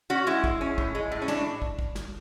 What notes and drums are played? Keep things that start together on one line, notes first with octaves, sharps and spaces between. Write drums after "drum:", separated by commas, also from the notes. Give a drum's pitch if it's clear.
C#4 F#4
G#3 E4
G#3, drum: kick
C#4
A2, drum: kick
G#3
A2
C#4
E3 D4, drum: snare
drum: kick
drum: kick
drum: snare